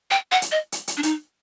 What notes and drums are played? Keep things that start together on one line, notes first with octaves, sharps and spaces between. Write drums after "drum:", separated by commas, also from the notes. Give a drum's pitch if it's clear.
G5
F#5
drum: hi-hat
D#5
drum: hi-hat
drum: hi-hat
D4
D#4, drum: hi-hat